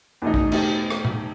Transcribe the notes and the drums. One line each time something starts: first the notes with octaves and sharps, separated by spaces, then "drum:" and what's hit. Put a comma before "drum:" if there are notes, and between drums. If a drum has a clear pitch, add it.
E2 B2 A3 D#4
drum: kick
B2 A3 D#4 G4, drum: cymbal
drum: rim click
drum: tom A#2